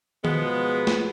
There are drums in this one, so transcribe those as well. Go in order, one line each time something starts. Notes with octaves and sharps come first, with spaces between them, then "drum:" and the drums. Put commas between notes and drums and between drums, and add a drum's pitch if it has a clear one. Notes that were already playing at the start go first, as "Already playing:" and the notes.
B2 F3 G#3 B3, drum: tom D#3
drum: snare